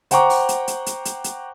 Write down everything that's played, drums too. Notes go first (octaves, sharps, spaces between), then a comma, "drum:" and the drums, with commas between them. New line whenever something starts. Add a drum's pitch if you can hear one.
C5 F#5 G5 A#5 C#6 D6, drum: hi-hat
drum: open hi-hat
drum: hi-hat
drum: hi-hat
drum: hi-hat
drum: hi-hat
drum: hi-hat